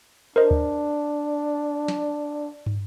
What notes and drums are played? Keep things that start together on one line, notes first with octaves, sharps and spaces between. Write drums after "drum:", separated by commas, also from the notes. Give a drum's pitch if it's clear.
D4 A#4 C5 D#5
drum: kick
drum: snare
drum: tom